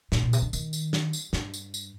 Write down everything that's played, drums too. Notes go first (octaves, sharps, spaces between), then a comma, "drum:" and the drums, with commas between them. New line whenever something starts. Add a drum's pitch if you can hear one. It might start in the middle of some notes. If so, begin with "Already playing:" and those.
A2, drum: snare
A#2
C3, drum: tambourine
D3
D#3, drum: tambourine
drum: tambourine
drum: snare
drum: tambourine
G2, drum: snare
drum: tambourine
drum: tambourine